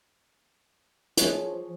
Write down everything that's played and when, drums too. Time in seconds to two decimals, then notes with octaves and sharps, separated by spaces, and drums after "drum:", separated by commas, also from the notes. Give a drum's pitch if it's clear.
1.17 F3 G#4 C#5, drum: hi-hat